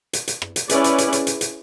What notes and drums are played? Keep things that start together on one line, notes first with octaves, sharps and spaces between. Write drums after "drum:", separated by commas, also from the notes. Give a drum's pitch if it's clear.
drum: hi-hat
drum: hi-hat
drum: rim click
drum: hi-hat
C#4 E4 G#4 B4 D5, drum: hi-hat
drum: hi-hat
drum: hi-hat
drum: hi-hat
drum: hi-hat
drum: hi-hat